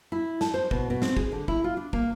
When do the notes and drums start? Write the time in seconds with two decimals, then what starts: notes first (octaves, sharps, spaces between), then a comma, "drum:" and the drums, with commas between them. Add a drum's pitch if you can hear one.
0.12 E4
0.41 A5, drum: snare
0.54 C5
0.71 B2, drum: kick
0.90 B2
1.02 C4, drum: snare
1.17 G#4, drum: kick
1.32 D3
1.48 E4, drum: kick
1.64 F4
1.77 D4
1.93 A#3, drum: kick